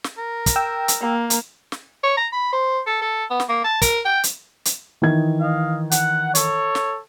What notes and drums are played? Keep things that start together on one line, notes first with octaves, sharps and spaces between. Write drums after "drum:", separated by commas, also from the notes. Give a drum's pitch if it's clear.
drum: snare
A#4
drum: kick, hi-hat
G5 E6
drum: hi-hat
A#3
drum: hi-hat
drum: snare
C#5
A#5
B5
C5
A4
A4
B3
drum: snare
A#3
A5
A#4, drum: kick, hi-hat
G5
drum: hi-hat
drum: hi-hat
D#3 E3 G#6
D#5 F5
F#5, drum: hi-hat
A4 C#5, drum: hi-hat
drum: snare